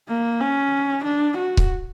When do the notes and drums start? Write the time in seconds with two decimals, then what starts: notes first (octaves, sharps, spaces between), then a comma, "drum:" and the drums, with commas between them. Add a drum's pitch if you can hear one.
0.09 A#3
0.41 C#4
1.04 D4
1.37 F#4
1.57 drum: kick C#1